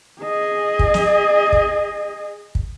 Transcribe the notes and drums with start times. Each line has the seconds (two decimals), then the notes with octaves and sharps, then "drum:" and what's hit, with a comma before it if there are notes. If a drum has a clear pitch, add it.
0.21 G#4 D#5
0.79 drum: kick
0.94 drum: snare
1.53 drum: kick
2.55 drum: kick